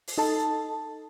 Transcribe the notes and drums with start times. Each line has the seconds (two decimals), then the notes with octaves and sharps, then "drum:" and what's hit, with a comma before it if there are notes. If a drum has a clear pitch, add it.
0.07 drum: open hi-hat
0.18 D#4 A4 A5